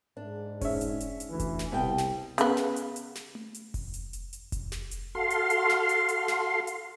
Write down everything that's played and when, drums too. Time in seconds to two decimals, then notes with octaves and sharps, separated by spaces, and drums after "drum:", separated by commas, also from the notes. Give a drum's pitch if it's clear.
0.17 G#2 D4
0.61 C#4 E5, drum: kick F1, open hi-hat
0.81 drum: hi-hat
1.00 drum: hi-hat
1.20 drum: hi-hat
1.30 D2 E3
1.40 drum: kick F1, hi-hat
1.59 drum: snare
1.72 C2 B2 G5
1.98 drum: snare
2.38 C#3 B3, drum: hi-hat
2.57 drum: snare
2.76 drum: hi-hat
2.96 drum: hi-hat
3.15 drum: snare
3.35 drum: tom A3
3.54 drum: hi-hat
3.74 drum: kick F1, open hi-hat
3.94 drum: hi-hat
4.13 drum: hi-hat
4.33 drum: hi-hat
4.52 drum: kick F1, hi-hat
4.72 drum: snare
4.91 drum: hi-hat
5.15 F#4 A4 F5 C6
5.30 drum: hi-hat
5.50 drum: hi-hat
5.69 drum: snare
5.89 drum: hi-hat
6.09 drum: hi-hat
6.28 drum: snare
6.67 drum: hi-hat